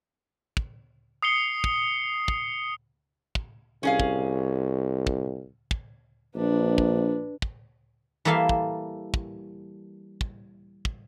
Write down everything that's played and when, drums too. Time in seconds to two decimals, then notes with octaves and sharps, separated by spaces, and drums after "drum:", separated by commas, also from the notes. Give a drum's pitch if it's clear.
0.57 drum: kick
1.23 D#6 C7 C#7 G7
1.64 drum: kick
2.28 drum: kick
3.35 drum: kick
3.83 C2 C#4 G#4 F5
4.00 drum: kick
5.07 drum: kick
5.71 drum: kick
6.35 A#1 D4 B4
6.78 drum: kick
7.42 drum: kick
8.25 E3 G3 A#3 A4 E5 F5
8.49 drum: kick
9.14 drum: kick
10.21 drum: kick
10.85 drum: kick